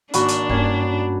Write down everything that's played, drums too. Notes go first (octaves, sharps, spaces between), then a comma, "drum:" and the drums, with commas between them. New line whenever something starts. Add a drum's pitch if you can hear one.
G#1 A#3 D4 F#4 D5 B5, drum: hi-hat
drum: hi-hat
G2 A#3 C#4, drum: kick